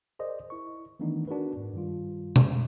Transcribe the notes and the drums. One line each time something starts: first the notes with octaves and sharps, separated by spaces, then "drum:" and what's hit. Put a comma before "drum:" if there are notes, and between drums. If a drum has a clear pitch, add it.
G#4 A#4 C5 D5 D#5
E4 C#6
D#3 E3 A3 B3 D4 D#4
D4 F#4 G#4 A#4 B4
G#2
G2 D#3 G3 F4
drum: tom B2